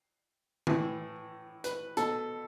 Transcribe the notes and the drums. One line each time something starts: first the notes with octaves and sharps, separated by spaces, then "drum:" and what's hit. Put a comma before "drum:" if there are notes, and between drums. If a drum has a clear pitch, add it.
A2 E3, drum: tom D3
B4, drum: hi-hat
B2 A4, drum: hi-hat